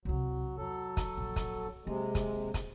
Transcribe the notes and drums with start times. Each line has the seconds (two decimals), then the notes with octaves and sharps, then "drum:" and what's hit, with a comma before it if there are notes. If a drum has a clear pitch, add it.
0.05 C2 C3 F#3
0.58 E2 F#3 A4
0.97 drum: kick, hi-hat
1.18 A#1
1.36 drum: kick, hi-hat
1.86 C3 F#3 G#3 A#3
2.15 drum: kick, hi-hat
2.54 drum: kick, hi-hat